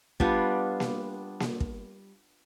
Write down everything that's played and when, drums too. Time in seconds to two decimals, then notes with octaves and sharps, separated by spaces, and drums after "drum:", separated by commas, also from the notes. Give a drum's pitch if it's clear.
0.20 G3 B3 D4 F4, drum: kick
0.80 drum: snare A#3
1.40 drum: snare A#3
1.60 drum: kick